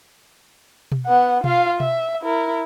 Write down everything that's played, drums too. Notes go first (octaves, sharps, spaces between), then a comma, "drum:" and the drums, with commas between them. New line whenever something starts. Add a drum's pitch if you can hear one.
drum: tom B2
B3 F#5
F4 F5, drum: tom B2
E5, drum: tom B2
E4 A#4